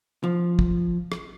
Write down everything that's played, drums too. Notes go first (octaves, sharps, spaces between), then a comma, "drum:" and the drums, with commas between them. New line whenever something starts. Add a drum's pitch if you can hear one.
F3
drum: kick
drum: rim click